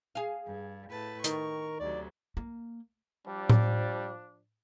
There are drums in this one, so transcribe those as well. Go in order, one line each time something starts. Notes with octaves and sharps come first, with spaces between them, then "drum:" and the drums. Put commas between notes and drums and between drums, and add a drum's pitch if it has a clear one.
G#4 F5
G2
A2 B4 A5
D#3 A#4 C#6, drum: hi-hat
D2 C3 F#3 D5
A#3
F3 G3 D4
drum: tom A2